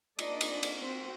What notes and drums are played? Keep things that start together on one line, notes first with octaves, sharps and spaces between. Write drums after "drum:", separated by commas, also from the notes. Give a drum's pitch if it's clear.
A#3 D4 D5 D#5, drum: cymbal
drum: cymbal
drum: cymbal
C4 F#4